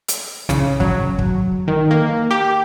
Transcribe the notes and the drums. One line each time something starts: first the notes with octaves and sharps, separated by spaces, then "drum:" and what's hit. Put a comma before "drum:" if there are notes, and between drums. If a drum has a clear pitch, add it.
drum: hi-hat
C#3, drum: snare
F#3, drum: kick
drum: kick
D#3
A#3
G4